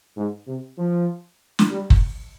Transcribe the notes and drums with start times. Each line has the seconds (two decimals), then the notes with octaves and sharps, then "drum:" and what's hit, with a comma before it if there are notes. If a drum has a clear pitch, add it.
0.16 G#2
0.47 C3
0.78 F3
1.59 drum: snare
1.70 G3
1.90 drum: kick